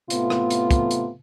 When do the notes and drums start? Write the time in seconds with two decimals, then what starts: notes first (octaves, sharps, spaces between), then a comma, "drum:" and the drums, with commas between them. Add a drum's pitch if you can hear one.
0.10 A2 C3 A3 B3 F4, drum: hi-hat
0.30 drum: rim click
0.50 drum: hi-hat
0.71 drum: kick, hi-hat
0.91 drum: hi-hat